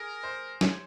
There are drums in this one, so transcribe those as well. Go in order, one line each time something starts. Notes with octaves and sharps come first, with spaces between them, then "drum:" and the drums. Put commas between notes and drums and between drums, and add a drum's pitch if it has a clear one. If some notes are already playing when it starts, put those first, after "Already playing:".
Already playing: G#4 A#4
C5
C#5, drum: snare